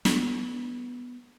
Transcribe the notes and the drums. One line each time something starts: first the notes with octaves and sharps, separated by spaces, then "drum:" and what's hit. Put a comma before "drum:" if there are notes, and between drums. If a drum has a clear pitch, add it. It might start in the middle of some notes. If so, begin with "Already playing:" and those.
B3, drum: snare